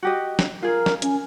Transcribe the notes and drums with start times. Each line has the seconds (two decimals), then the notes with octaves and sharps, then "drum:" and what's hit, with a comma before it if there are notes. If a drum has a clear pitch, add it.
0.03 F#4 G4 D#5
0.39 drum: snare
0.63 F4 G#4 A#4
0.86 drum: snare
1.02 C#4, drum: hi-hat